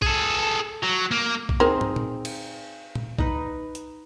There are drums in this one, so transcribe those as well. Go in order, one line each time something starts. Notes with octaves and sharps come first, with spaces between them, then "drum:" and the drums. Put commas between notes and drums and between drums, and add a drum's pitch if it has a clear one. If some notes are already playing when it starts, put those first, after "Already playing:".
G#4 A4, drum: kick A#1
F#3
A#3
drum: kick A#1
C4 D#4 G#4 A#4 C5
drum: tom
drum: tom A#2
drum: cymbal
drum: tom A#2
D#4 B4, drum: kick A#1
drum: hi-hat